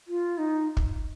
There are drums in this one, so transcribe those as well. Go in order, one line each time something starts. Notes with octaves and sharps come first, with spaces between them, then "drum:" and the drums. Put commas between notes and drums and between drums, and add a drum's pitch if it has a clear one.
F4
D#4
drum: kick